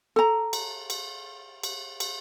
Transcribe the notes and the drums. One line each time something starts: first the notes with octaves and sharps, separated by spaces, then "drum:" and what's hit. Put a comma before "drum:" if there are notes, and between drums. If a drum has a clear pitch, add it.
A4 A#5
drum: cymbal
drum: cymbal
drum: cymbal
drum: cymbal